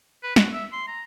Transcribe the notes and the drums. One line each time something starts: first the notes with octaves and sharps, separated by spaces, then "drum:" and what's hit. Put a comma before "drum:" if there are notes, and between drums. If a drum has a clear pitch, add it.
B4
F#4, drum: snare
E5
C6
A#5